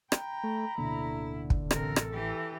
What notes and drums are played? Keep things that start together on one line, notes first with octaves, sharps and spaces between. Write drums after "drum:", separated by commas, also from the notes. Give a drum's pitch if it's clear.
G5 A#5 B5, drum: rim click
A3
D1 B2 D3 A#3 E4
drum: kick
A1 C3 A4 A#4, drum: rim click
drum: rim click
E3 G4